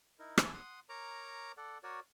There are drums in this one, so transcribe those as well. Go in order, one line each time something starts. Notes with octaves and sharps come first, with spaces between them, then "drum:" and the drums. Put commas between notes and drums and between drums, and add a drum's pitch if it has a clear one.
D#4 E4 A#4
E5 G#5 A5, drum: rim click
F#5 C6 D#6
A#4 C#5 A#5 D6
A4 D5 F#5
F#4 A#4 C#5 D5